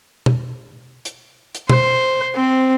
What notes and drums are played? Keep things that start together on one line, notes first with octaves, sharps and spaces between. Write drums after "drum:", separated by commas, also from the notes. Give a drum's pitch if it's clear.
drum: tom
drum: hi-hat
drum: hi-hat
C5, drum: tom
C4